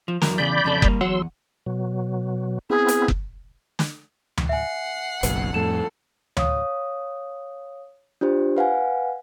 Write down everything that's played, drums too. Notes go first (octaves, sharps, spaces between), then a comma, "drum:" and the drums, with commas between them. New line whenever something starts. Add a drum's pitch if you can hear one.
F3
E2 F#3 A#4, drum: snare
E2 C#3 D5 B5 G6
F2 C#3 A4
G3 A#3, drum: kick F#1
E2 F#3 F#5 C6 E6
B2 F#3
B3 C4 E4 G#4
drum: hi-hat
drum: kick F#1
drum: snare
drum: tom D2
E5 F#5 G#5 C7
F#1 B1, drum: hi-hat
F2 A2 A4 E7
C#5 F5 D#6, drum: tom D2
D4 F4 G4 C5
B4 F5 F#5 G#5